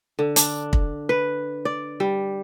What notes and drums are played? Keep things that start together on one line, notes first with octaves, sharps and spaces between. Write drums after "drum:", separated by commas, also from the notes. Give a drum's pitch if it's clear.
D3
D4, drum: hi-hat
drum: kick
B4
D5
G3